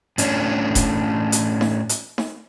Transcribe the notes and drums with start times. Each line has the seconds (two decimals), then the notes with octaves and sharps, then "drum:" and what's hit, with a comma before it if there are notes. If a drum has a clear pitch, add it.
0.18 A2 C#4 D4, drum: hi-hat
0.75 drum: kick E1, hi-hat
1.32 drum: hi-hat
1.61 drum: snare D#4
1.89 drum: hi-hat
2.18 drum: snare D#4